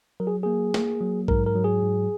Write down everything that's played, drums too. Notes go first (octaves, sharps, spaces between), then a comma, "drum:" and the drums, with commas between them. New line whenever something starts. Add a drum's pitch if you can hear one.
F#3 A#4
G#4
A#3 G#4
A#3, drum: snare
F#3
G#2 A#4, drum: kick A#1
A#4
F#3
G#4
G#2